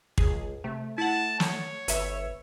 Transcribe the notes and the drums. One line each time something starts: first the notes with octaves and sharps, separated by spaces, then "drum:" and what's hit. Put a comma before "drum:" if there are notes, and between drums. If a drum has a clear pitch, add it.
C#2 G#4, drum: kick
C3 A3
E4 F#5 A5
C#5, drum: snare
G1 B4 E5 E6, drum: hi-hat